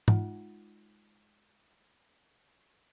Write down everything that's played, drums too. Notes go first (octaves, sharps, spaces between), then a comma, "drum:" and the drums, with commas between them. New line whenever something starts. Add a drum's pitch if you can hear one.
G#3 D#4 F4 F#5, drum: tom G#2